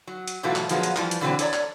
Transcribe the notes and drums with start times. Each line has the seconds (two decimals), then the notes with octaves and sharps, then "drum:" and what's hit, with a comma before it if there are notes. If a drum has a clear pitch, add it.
0.07 F#3
0.28 drum: hi-hat
0.43 G#2 B2 E3 F#3 A3 F4
0.55 drum: clap
0.69 A#2 F3 F#3 G#3 A#3 B3, drum: hi-hat
0.83 drum: hi-hat
0.96 E3 F3 G3, drum: clap
1.11 drum: hi-hat
1.21 B2 D3 E3 F#3 G#3 C4
1.39 A4 C#5 D5 A#5, drum: hi-hat
1.53 drum: clap